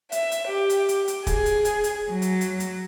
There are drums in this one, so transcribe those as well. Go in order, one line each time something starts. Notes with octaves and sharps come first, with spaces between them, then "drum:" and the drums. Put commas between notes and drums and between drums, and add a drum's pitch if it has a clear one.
E5, drum: hi-hat
drum: hi-hat
G4
drum: hi-hat
drum: hi-hat
drum: hi-hat
G#4, drum: kick, hi-hat
drum: hi-hat
drum: hi-hat
drum: hi-hat
F#3
drum: hi-hat
drum: hi-hat
drum: hi-hat